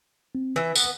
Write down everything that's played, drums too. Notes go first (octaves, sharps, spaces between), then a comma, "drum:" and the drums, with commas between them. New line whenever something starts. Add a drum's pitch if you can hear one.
C4
E3 B4 E5
B3, drum: tambourine